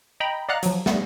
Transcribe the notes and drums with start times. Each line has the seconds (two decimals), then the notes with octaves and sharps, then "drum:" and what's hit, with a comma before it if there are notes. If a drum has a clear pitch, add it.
0.20 D#5 G5 A#5 B5
0.49 D5 D#5 F5 F#5 A#5 F#6
0.63 F3 F#3, drum: hi-hat
0.86 G3 A3 B3, drum: snare